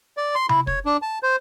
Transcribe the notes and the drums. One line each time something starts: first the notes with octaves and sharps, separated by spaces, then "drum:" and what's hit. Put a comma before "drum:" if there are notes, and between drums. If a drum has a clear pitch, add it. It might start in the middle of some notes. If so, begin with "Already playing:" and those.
D5
C6
E4, drum: tom C3
C#5, drum: kick
D4
A5
C5